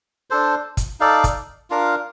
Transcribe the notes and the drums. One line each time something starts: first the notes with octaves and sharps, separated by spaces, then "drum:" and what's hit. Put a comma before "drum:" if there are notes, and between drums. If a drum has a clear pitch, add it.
D4 A4 C5
drum: kick, hi-hat
D#4 A4 D5 F5
drum: kick, hi-hat
D4 F4 A#4 F5